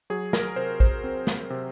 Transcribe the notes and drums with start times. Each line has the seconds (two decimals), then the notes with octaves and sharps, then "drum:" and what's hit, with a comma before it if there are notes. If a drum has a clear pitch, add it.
0.10 F#3 G#4
0.33 A#4, drum: snare
0.56 C3 C5
0.80 C5, drum: kick
1.04 C4
1.27 drum: snare
1.50 C3